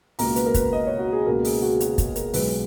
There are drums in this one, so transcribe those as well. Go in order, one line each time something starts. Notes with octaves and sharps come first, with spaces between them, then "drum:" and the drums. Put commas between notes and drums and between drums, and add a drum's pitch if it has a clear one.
C#2 B2 A#3 A#5, drum: open hi-hat
B4, drum: hi-hat
A#4
B4, drum: kick, hi-hat
D#5
C#5
F#4
G#4
C#2 B2 A#3 A#4
G#4, drum: open hi-hat
F#4
F#4, drum: hi-hat
G#4, drum: kick, hi-hat
A#4, drum: hi-hat
B1 B2 G#3 B3 B4, drum: open hi-hat